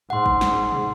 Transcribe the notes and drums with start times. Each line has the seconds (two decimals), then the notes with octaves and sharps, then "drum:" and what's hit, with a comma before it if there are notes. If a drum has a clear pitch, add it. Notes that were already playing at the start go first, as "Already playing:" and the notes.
0.10 G#2 F#5 C6
0.26 drum: kick
0.41 drum: snare
0.72 drum: tom